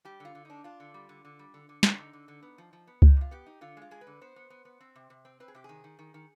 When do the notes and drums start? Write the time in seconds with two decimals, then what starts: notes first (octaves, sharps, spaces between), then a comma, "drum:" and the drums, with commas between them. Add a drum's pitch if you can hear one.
0.05 G3 G4
0.20 D3 F4
0.35 D3
0.45 D4 D#4
0.64 D4 F4
0.80 D3
0.94 G3
1.09 D3
1.25 D3
1.39 G3
1.54 D3
1.69 D3
1.83 D3 D#4, drum: snare
1.98 D3
2.13 D3
2.28 D3
2.43 B3
2.58 F3
2.73 F3
2.87 B3
3.02 D#4, drum: kick C#2
3.17 C3 F4
3.31 B3 G4
3.46 D#4
3.61 D3 F4
3.77 G#3 F4
3.91 G#3 G#4
4.01 B4
4.07 D3
4.21 B3 C5
4.36 B3
4.50 B3
4.65 B3
4.80 C4
4.96 C3
5.10 C3
5.25 C4
5.40 C4 B4
5.48 G#4
5.54 C3 G4
5.64 D#3 G#4
5.84 D#3
5.99 D#3
6.14 D#3